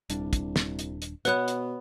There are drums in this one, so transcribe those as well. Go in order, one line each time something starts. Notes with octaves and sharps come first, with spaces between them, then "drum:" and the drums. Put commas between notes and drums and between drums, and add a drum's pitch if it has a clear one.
D#1 C2 G3 D4, drum: hi-hat
drum: kick, hi-hat
drum: snare
drum: hi-hat
drum: hi-hat
B2 B3 B4 C#5 F#5 F#6, drum: hi-hat
drum: hi-hat